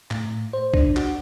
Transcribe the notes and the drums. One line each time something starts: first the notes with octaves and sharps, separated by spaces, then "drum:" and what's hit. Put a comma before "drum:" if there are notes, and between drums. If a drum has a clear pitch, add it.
A2, drum: clap
C5
D4, drum: kick
F#4, drum: clap